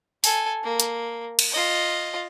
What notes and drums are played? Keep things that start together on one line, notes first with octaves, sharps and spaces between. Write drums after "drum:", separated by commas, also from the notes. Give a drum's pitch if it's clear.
A4 G#5, drum: open hi-hat
A#3
drum: hi-hat
drum: cymbal
F4 D#5